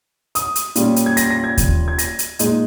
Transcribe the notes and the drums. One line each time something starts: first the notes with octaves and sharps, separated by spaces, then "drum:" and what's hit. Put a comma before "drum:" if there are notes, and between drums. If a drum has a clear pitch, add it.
D#6, drum: hi-hat
drum: hi-hat
A#2 G3 C#4, drum: hi-hat
drum: hi-hat
G#6
A#6, drum: hi-hat
A#6
G#6
drum: kick D#2, hi-hat
G#6
A#6, drum: hi-hat
drum: hi-hat
A#2 G#3 D#4, drum: hi-hat